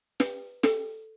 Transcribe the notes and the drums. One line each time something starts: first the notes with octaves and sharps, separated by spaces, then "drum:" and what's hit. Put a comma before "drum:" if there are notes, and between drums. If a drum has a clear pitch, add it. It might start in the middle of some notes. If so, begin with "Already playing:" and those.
B4, drum: snare
A4, drum: snare